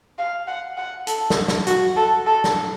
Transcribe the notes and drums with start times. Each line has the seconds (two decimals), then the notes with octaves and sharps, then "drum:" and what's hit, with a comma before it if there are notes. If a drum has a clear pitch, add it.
0.18 F5
0.47 F#5
0.77 F#5
1.07 A4, drum: hi-hat
1.30 drum: snare
1.48 drum: snare
1.67 F#4, drum: hi-hat
1.97 A4
2.26 A4
2.44 drum: snare